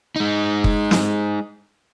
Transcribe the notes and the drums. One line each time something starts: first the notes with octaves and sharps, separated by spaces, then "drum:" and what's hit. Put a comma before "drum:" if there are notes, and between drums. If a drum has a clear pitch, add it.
G#3 D#4
drum: kick
drum: snare